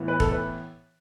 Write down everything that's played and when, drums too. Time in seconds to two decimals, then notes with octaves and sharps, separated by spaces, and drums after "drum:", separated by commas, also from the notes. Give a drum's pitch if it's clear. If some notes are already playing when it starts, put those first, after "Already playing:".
Already playing: A2 E3 B3
0.08 B4
0.20 A4, drum: kick
0.32 B4